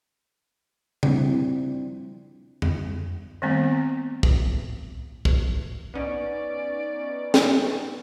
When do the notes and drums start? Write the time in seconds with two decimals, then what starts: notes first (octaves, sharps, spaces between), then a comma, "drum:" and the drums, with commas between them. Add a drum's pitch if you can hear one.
1.03 F3 G3 C4 D4 E4, drum: tom C#3
2.62 drum: tom F2
3.42 D#3 G3 A3 B3 C4
4.23 drum: kick
5.25 drum: kick
5.94 B3 C#4 D#4 D5
7.34 drum: snare